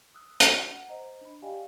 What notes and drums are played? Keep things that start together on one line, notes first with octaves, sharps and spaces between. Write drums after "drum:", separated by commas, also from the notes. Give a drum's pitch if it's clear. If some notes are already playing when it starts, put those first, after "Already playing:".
D#6 E6 F#6
F#4 G5 B5 C#6 F6, drum: hi-hat
F#5
C5 D#5 A#5
D4 B5
G4 D5 D#5 F5 G5 G#5